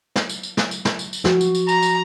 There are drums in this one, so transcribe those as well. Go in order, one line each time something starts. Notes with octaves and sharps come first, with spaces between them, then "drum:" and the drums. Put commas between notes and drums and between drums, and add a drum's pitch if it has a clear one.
drum: snare
drum: tambourine
drum: tambourine
drum: snare
drum: tambourine
drum: snare
drum: tambourine
drum: tambourine
F3 F#4, drum: snare
drum: tambourine
drum: tambourine
A#5, drum: tambourine
drum: tambourine